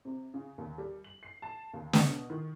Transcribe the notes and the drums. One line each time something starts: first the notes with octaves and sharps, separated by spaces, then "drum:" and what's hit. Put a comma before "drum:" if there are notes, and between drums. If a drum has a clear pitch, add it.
C3
C#3
D#2
G3
F#7
C7
A5
D#2
B2, drum: snare
D#3